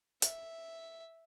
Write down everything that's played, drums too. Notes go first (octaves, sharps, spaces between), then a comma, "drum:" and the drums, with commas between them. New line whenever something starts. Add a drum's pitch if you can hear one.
E5, drum: hi-hat